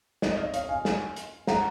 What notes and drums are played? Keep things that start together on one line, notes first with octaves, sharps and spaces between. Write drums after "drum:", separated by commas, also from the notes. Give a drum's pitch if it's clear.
D#5, drum: snare
D#5
D#5
C#5 F5, drum: hi-hat
F5 G#5
drum: snare
drum: hi-hat
F#5 A#5, drum: snare